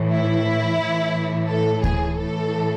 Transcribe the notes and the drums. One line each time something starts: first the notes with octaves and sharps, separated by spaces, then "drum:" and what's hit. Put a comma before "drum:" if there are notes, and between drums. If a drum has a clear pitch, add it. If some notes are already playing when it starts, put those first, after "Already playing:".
Already playing: A2 E3
E4
A2 E3
A4
G#4, drum: kick D2
A2 E3 A4